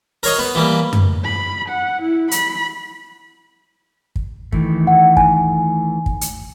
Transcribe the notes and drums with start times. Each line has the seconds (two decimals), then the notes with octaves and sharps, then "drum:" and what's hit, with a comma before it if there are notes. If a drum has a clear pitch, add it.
0.23 A#4 C#5 D#5, drum: open hi-hat
0.39 B3
0.55 E3 G3 A#3
0.93 drum: tom F#2
1.24 B5
1.69 F#5
2.02 E4
2.31 B5, drum: hi-hat
4.16 drum: kick
4.52 D#3 E3 A3, drum: kick
4.87 F#5
5.17 G#5, drum: kick
6.06 drum: kick
6.21 drum: hi-hat